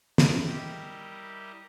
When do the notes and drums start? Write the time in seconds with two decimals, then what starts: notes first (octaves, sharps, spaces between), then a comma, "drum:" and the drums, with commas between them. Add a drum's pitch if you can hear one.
0.18 drum: snare
0.46 G3 E4 G4 A#4 D#5